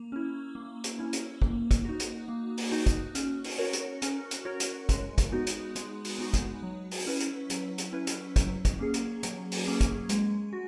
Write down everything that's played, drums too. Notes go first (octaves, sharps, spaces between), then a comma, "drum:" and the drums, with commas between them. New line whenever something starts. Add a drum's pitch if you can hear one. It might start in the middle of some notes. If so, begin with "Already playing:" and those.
Already playing: A#3
C#4 E4
A#3
drum: hi-hat
C#4 E4
drum: hi-hat
A#3, drum: kick
drum: kick, hi-hat
D#4 F#4
drum: hi-hat
A#3
drum: open hi-hat
D#4 F#4
drum: kick, hi-hat
C#4, drum: hi-hat
drum: open hi-hat
F#4 A#4 C#5
drum: hi-hat
C#4, drum: hi-hat
drum: hi-hat
F#4 A#4 C#5
drum: hi-hat
G#3, drum: kick, hi-hat
drum: kick, hi-hat
B3 D#4 F#4
drum: hi-hat
G#3, drum: hi-hat
drum: open hi-hat
B3 D#4 F#4
drum: kick, hi-hat
F#3
drum: open hi-hat
C#4 E4 B4
drum: hi-hat
F#3, drum: hi-hat
drum: hi-hat
C#4 E4 B4
drum: hi-hat
F#3, drum: kick, hi-hat
drum: kick, hi-hat
A#3 C#4 G#4
drum: hi-hat
F#3, drum: hi-hat
drum: open hi-hat
A#3 C#4 G#4
drum: kick, hi-hat
G#3, drum: hi-hat
F#4